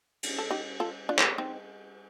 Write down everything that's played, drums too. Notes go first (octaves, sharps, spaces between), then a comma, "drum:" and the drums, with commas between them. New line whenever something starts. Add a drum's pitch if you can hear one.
drum: cymbal
A4
D#4 G4
F4 A4
D4 F4
drum: clap
C4 D#4